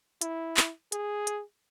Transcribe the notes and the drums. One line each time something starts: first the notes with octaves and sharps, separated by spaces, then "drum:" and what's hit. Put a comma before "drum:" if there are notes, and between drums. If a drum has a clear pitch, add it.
E4, drum: hi-hat
drum: clap
G#4, drum: hi-hat
drum: hi-hat